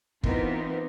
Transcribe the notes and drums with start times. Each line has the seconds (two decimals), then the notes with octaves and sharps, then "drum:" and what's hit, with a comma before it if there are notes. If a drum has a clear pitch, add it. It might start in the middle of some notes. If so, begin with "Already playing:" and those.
0.23 E3 B3 C4 D#4 F4 A#4, drum: kick